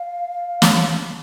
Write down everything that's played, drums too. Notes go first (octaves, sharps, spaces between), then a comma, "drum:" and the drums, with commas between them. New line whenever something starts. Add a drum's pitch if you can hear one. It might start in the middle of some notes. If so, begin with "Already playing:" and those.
Already playing: F5
drum: snare